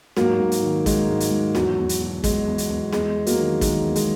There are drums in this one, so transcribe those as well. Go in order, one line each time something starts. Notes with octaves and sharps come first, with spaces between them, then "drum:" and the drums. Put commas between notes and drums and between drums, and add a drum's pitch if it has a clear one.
G#2 F#3 A#3, drum: snare
G#2
drum: hi-hat
D#3
D#3 G#3, drum: kick, hi-hat
G#2
drum: hi-hat
G#2
E2 F#3, drum: snare
E2
drum: hi-hat
B2
B2 G#3, drum: kick, hi-hat
E2
drum: hi-hat
E2
E2 G#3, drum: snare
E2
F#3 A#3, drum: hi-hat
D#3
D#3 G#3, drum: kick, hi-hat
E2
G#3, drum: hi-hat